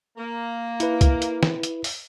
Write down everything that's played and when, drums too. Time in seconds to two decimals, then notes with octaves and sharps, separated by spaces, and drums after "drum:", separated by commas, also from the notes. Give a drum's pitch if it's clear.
0.17 A#3
0.80 E4 B4, drum: hi-hat
1.01 drum: kick, hi-hat
1.22 drum: hi-hat
1.43 drum: snare
1.63 drum: hi-hat
1.84 drum: open hi-hat